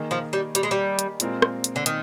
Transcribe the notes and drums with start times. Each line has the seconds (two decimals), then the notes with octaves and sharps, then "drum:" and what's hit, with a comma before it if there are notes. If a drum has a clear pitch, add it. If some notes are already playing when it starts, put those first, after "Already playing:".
Already playing: D#3 A#3 D#4 G#4 D#5
0.11 F3
0.33 G3
0.55 G3, drum: hi-hat
0.63 G#3
0.71 G3
0.99 drum: hi-hat
1.20 A#2 G#3 C4 F4 A#4, drum: hi-hat
1.42 drum: rim click
1.64 drum: hi-hat
1.76 D3
1.86 D#3, drum: hi-hat